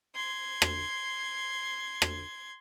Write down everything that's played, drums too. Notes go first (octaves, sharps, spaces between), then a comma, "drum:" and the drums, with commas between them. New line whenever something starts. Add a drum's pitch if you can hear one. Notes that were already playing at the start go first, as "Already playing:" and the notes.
C6 G#6
drum: rim click
drum: rim click